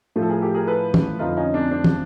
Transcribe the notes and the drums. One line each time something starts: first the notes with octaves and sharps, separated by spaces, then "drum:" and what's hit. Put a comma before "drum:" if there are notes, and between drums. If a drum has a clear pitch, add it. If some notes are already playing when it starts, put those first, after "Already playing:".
A2 F3 A3
A4
G#4 A#4
G4 A4
G#4 A#4
A4 B4
drum: tom
F2 D3 F3 A3 D#4 F4
C#4 D#4
C4 D4
C4 D4
drum: tom